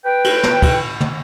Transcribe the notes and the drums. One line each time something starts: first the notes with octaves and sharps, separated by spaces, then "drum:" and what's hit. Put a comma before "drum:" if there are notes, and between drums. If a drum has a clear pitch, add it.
B4 G5
drum: cymbal
drum: snare
drum: kick, cymbal
drum: tom